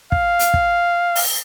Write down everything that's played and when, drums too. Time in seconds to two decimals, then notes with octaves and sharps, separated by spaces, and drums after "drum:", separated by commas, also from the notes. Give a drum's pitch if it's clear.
0.12 F5, drum: kick
0.39 drum: hi-hat
0.54 drum: kick
1.15 drum: open hi-hat